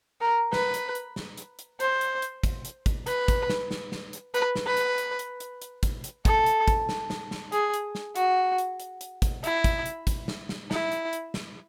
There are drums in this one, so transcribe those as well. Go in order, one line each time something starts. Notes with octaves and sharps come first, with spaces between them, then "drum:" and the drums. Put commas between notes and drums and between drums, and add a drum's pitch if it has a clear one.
A#4
B4, drum: snare
drum: hi-hat
drum: hi-hat
drum: snare
drum: hi-hat
drum: hi-hat
C5, drum: hi-hat
drum: hi-hat
drum: hi-hat
drum: kick, hi-hat
drum: hi-hat
drum: kick, hi-hat
B4, drum: hi-hat
drum: kick, hi-hat
drum: snare
drum: snare
drum: snare
drum: hi-hat
B4, drum: hi-hat
drum: snare
B4
drum: hi-hat
drum: hi-hat
drum: hi-hat
drum: hi-hat
drum: hi-hat
drum: kick, hi-hat
drum: hi-hat
A4, drum: kick, hi-hat
drum: hi-hat
drum: kick, hi-hat
drum: snare
drum: snare
drum: snare
G#4, drum: hi-hat
drum: hi-hat
drum: snare
F#4, drum: hi-hat
drum: hi-hat
drum: hi-hat
drum: hi-hat
drum: kick, hi-hat
E4, drum: hi-hat
drum: kick, hi-hat
drum: hi-hat
drum: kick, hi-hat
drum: snare
drum: snare
E4, drum: snare
drum: hi-hat
drum: hi-hat
drum: snare